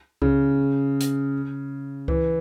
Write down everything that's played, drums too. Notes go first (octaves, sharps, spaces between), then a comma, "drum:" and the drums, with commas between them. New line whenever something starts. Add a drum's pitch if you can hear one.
C#3, drum: kick C#2
drum: hi-hat
E3, drum: kick C#2